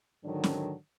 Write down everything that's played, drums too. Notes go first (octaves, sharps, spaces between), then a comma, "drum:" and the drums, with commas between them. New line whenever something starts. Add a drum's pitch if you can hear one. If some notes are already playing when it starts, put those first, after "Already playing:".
G#2 D3 D#3 F#3 D4
drum: snare C#4